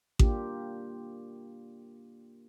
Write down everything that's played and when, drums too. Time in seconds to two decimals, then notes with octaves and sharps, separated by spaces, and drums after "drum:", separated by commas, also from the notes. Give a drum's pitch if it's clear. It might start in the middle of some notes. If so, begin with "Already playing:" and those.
0.19 A#3 D4 F4 G4, drum: kick A1